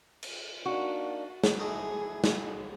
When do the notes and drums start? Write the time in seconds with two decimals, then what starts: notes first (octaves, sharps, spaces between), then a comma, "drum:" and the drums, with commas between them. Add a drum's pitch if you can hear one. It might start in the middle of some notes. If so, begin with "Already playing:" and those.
0.23 drum: cymbal
0.66 A#3 D4 D#4 F#4
1.44 drum: snare
1.59 A3 D#4 E4 G#4
2.24 drum: snare